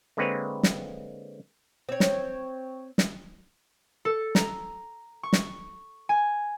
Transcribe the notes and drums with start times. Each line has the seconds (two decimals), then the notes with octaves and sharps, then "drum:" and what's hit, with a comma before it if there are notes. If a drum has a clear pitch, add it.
0.17 D3 G#3 A#3 C4 B4 C#5
0.63 drum: snare
1.89 C4 C#5
2.00 drum: snare
2.98 drum: snare
4.05 A4
4.35 A#5, drum: snare
5.23 C#6
5.33 drum: snare
6.09 G#5